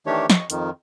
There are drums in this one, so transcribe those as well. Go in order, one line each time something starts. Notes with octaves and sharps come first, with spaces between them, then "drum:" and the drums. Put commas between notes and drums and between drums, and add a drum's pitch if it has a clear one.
D#3 E3 A3 D4 G4 C#5
D#5 C#6, drum: snare
F2 D#3, drum: hi-hat